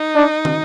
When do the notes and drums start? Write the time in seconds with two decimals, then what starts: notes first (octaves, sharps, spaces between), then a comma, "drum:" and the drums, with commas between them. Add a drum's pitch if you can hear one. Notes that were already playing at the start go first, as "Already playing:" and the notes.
Already playing: D#4
0.16 D4
0.45 drum: tom